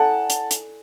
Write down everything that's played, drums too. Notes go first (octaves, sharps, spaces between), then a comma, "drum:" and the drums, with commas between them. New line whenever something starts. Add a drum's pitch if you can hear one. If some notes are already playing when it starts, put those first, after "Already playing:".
Already playing: E4 A4 D5 F#5 G#5 A5
drum: hi-hat
drum: hi-hat